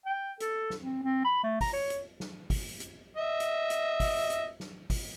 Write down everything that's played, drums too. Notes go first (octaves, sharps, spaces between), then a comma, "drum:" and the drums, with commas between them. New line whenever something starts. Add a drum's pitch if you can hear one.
G5
A4, drum: hi-hat
drum: snare
C4
C4
B5
A3
A#5, drum: kick, open hi-hat
C#5
drum: hi-hat
drum: snare
drum: kick, open hi-hat
drum: hi-hat
D#5 E5
drum: hi-hat
drum: hi-hat
drum: kick, open hi-hat
drum: hi-hat
drum: snare
drum: kick, open hi-hat